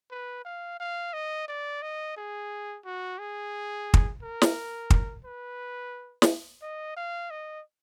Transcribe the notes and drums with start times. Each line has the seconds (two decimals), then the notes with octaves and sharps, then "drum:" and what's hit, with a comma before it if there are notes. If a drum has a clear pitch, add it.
0.11 B4
0.45 F5
0.80 F5
1.13 D#5
1.48 D5
1.82 D#5
2.17 G#4
2.85 F#4
3.19 G#4
3.94 drum: kick
4.23 A#4
4.42 drum: snare
4.90 drum: kick
5.25 B4
6.22 drum: snare
6.62 D#5
6.97 F5
7.31 D#5